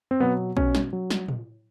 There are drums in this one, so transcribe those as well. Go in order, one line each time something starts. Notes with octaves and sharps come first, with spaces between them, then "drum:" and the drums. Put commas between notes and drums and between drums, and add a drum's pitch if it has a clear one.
C4
B2 F#3 B3
B2 C#4, drum: kick A#1
drum: snare
F#3
drum: snare
drum: tom A2